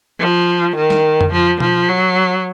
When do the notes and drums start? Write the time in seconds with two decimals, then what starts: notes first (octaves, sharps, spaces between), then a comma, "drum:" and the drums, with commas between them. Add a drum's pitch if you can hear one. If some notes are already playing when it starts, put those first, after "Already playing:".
0.20 F3
0.76 D#3
0.90 drum: snare
1.21 drum: tom F2
1.33 F3
1.60 F3, drum: tom B2
1.89 F#3